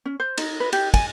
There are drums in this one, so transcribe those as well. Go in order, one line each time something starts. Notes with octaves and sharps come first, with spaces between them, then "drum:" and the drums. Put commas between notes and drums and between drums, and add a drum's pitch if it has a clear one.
C#4
C5
D#4, drum: cymbal
B4
G4, drum: cymbal
G#5, drum: kick, cymbal